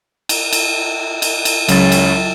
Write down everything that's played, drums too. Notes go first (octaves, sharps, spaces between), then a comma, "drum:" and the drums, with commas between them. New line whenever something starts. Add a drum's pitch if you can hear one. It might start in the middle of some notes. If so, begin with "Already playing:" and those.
drum: cymbal
drum: cymbal
drum: cymbal
drum: cymbal
C#2 C#3 F#3 C#4 A6, drum: cymbal
drum: cymbal